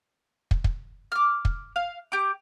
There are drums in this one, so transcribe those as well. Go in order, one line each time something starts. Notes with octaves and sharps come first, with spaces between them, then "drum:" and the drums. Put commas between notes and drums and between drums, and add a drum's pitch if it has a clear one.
drum: kick
drum: kick
D6 F6
drum: kick
F5
G4 D6